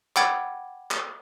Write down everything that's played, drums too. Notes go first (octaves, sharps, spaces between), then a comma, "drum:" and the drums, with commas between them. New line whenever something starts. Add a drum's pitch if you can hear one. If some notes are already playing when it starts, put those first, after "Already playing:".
F#5 G5 B5 D6 G#6 A6, drum: clap
drum: clap